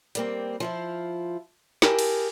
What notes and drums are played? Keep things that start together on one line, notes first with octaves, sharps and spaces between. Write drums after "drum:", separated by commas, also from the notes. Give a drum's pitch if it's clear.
G3 A#3 C4, drum: hi-hat
F3 E4 F4
E4 G4 G#4 A#4 A5, drum: snare
drum: cymbal